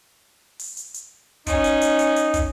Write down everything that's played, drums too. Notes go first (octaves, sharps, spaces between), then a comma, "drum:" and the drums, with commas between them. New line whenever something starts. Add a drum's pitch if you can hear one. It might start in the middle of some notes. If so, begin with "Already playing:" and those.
drum: open hi-hat
drum: hi-hat
drum: hi-hat
C#4 D#4, drum: kick, hi-hat
drum: hi-hat
drum: hi-hat
drum: hi-hat
drum: hi-hat
drum: kick, hi-hat